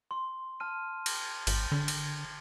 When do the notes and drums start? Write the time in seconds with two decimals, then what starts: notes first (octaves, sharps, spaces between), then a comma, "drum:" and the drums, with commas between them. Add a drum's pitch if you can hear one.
0.11 C6
0.60 A5 F6 D#7
1.06 drum: cymbal
1.47 G#1, drum: cymbal
1.72 D3
1.88 drum: cymbal